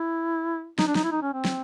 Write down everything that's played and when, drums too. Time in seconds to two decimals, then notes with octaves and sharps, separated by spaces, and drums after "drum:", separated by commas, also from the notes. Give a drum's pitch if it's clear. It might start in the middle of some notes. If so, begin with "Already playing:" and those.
Already playing: E4
0.79 D#4, drum: snare
0.87 D4
0.95 D#4, drum: snare
1.04 E4
1.12 D#4
1.22 C#4
1.33 C4
1.45 drum: snare